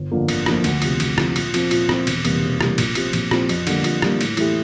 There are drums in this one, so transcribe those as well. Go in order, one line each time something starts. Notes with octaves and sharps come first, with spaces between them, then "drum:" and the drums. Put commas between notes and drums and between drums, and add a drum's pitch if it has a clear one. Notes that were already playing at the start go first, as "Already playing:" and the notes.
Already playing: G1
F2 D3 F3 A#3
G1, drum: cymbal
F2 D3 F3 A#3, drum: rim click
D2, drum: cymbal
C3 F3, drum: cymbal
D2, drum: cymbal
C3 F3, drum: rim click
A#2, drum: cymbal
F3 C4, drum: cymbal
A#2, drum: cymbal
F3 C4, drum: rim click
E1, drum: cymbal
E2 C3 G3 A#3, drum: cymbal
E1
E2 C3 G3 A#3, drum: rim click
A#1, drum: cymbal
A#2 F3 C4 G4, drum: cymbal
A#1, drum: cymbal
A#2 F3 C4 G4, drum: rim click
F2, drum: cymbal
D3 G3 A#3, drum: cymbal
F2, drum: cymbal
D3 G3 A#3, drum: rim click
A2, drum: cymbal
E3 A3 E4 G4, drum: cymbal